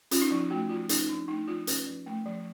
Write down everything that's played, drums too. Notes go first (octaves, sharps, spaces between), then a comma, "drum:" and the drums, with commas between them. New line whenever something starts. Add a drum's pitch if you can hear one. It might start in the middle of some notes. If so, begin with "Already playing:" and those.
C#4 F4, drum: hi-hat
D#4
F3 E4
A3 F#4
F3 F4
C#4 D#4, drum: hi-hat
F3 D4
A3 D#4
F3 F4
C#4 B4, drum: hi-hat
F3
A3
F3